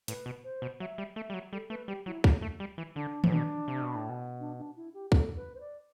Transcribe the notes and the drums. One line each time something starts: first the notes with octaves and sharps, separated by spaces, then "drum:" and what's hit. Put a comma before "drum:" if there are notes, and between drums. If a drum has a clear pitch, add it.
A2 B4, drum: hi-hat
B2
C5
B2
F#3 E5
G3
A3 E5
G3
F#3
G3 A4
A3 B4
G3 G4
F#3 E4
G3, drum: kick
A3
G3
E3
D3 D4
A2, drum: tom D#3
B2 D4
C3
B2
A2
B2
D4
D4
E4
G4
A4, drum: kick
B4
C5
D5